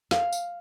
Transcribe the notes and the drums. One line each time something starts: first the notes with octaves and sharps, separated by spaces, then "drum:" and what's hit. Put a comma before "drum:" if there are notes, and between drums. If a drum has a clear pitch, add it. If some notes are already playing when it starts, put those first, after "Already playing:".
F5, drum: snare
drum: tambourine